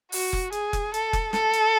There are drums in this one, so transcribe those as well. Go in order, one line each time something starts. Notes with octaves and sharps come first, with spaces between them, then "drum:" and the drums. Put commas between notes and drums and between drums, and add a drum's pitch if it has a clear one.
F#4, drum: open hi-hat
drum: kick F1
G#4, drum: hi-hat
drum: kick F1, hi-hat
A4, drum: hi-hat
drum: kick F1, hi-hat
A4, drum: snare
drum: hi-hat